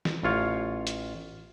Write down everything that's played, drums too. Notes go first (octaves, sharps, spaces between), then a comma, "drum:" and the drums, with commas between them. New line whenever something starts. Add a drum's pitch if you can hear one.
drum: snare
A1 F4 C#5 F5
drum: hi-hat